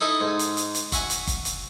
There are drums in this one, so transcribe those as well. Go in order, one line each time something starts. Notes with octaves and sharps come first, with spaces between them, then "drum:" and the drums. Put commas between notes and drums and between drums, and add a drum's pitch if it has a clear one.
D#4 E4 A4 D#5
G#2
drum: hi-hat
drum: hi-hat
drum: hi-hat
F#4 E5 G#5, drum: kick G1, hi-hat
drum: hi-hat
drum: kick G1, hi-hat
drum: hi-hat